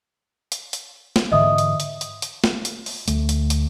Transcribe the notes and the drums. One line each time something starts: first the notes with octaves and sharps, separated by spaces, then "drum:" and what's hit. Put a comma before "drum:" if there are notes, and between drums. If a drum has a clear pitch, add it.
drum: hi-hat
drum: hi-hat
drum: snare
G#2 D3 E3 D#5 E5 D#6
drum: hi-hat
drum: hi-hat
drum: hi-hat
drum: hi-hat
drum: snare
drum: hi-hat
drum: open hi-hat
D2 A3, drum: hi-hat
drum: hi-hat
drum: hi-hat